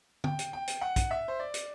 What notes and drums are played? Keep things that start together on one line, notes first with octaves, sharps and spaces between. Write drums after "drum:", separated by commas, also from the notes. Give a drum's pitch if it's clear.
G5, drum: tom D3
drum: hi-hat
G5
drum: hi-hat
F#5
drum: kick, hi-hat
E5
C5
D5
drum: hi-hat